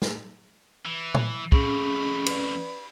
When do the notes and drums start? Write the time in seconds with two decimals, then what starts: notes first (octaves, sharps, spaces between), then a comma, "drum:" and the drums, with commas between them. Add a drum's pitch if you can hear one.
0.02 drum: snare
0.85 E3
1.15 drum: tom A#2
1.52 F2 A2 C#4 G#4 B5, drum: kick
2.26 B4 D5, drum: cymbal